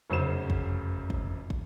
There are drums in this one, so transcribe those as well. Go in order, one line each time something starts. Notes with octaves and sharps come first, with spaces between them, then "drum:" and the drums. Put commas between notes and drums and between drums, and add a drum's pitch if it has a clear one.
F1 F#2 C#3 F#3 C5 E7
drum: kick
drum: kick
drum: kick